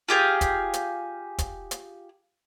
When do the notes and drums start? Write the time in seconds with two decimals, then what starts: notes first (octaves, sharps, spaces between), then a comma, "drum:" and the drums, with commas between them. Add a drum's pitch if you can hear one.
0.09 F4 G4 G#4 F5
0.41 drum: kick, hi-hat
0.73 drum: hi-hat
1.38 drum: kick, hi-hat
1.71 drum: hi-hat